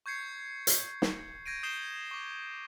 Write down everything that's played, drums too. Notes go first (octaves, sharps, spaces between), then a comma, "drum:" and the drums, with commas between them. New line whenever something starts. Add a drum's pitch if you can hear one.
C#6 G6 G#6 C7 C#7
drum: hi-hat
drum: snare
G6 G#6 A#6 D7 D#7
D#6 G6 C7 E7 G7
C#6 D6